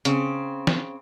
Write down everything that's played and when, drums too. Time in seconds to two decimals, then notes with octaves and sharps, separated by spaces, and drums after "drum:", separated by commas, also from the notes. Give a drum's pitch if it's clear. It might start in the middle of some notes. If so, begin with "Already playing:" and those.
0.05 C#3 C4, drum: hi-hat
0.67 drum: snare